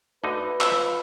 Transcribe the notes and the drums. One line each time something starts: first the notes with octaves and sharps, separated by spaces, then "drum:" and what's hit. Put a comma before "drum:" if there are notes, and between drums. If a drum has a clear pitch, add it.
D2 D3 D#4 F#4 B4
F4 E6, drum: clap